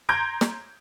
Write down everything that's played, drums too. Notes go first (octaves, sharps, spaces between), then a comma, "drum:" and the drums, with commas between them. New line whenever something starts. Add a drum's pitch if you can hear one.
A#5 C6 G6 G#6 A#6 D7
drum: snare